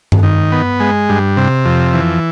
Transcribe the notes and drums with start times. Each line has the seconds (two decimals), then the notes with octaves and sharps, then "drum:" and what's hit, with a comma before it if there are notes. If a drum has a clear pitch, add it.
0.12 drum: tom G2
0.23 D#3
0.52 B3
0.80 G#3
1.09 G2
1.37 C3
1.66 F2
1.94 E3